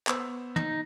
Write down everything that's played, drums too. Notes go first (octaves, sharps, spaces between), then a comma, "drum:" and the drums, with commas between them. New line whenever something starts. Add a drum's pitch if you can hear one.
B3 C5 E6, drum: clap
D#4, drum: tom